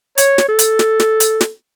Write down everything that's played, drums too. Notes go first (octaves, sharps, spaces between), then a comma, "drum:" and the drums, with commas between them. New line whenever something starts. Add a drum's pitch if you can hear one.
C#5, drum: hi-hat
drum: snare
A4
drum: hi-hat
drum: snare
drum: snare
drum: hi-hat
drum: snare